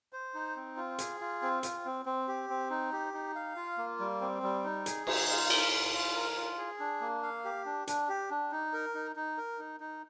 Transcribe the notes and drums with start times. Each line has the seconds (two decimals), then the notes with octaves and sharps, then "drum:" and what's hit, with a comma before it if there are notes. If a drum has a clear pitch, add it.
0.13 C5
0.34 D#4
0.56 C4
0.77 F4
0.98 G#4, drum: hi-hat
1.21 F4
1.42 C4
1.63 F4, drum: hi-hat
1.85 C4
2.06 C4
2.28 G4
2.50 C4
2.70 D#4
2.92 G4
3.14 D#4
3.35 F5
3.56 F4
3.78 A#3
3.99 G3
4.21 C4
4.43 G3
4.64 D#4
4.86 G#4, drum: hi-hat
5.07 D#4, drum: cymbal
5.29 F4
5.50 A#4, drum: cymbal
5.72 F4
5.93 F4
6.15 A#4
6.37 F4
6.58 G#4
6.80 D4
7.01 A#3
7.23 F5
7.45 G4
7.66 D4
7.87 D4, drum: hi-hat
8.09 G4
8.31 D4
8.52 D#4
8.73 A#4
8.95 D#4
9.16 D#4
9.37 A#4
9.59 D#4
9.80 D#4